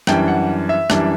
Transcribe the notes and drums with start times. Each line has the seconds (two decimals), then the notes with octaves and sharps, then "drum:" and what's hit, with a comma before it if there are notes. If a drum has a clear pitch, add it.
0.07 F#2 E3 G3 D4 G5, drum: rim click
0.28 F#5
0.69 E5
0.90 F#2 E3 G3 D4, drum: rim click